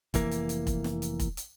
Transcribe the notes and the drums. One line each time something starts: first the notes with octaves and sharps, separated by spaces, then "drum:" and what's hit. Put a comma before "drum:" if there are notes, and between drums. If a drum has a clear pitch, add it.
F1 E3 A#3, drum: kick, hi-hat
drum: hi-hat
drum: hi-hat
drum: kick, hi-hat
drum: snare
drum: hi-hat
drum: kick, hi-hat
drum: hi-hat